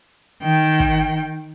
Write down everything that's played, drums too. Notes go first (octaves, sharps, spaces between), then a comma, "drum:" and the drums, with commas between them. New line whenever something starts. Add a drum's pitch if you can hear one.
D#3 G5
drum: kick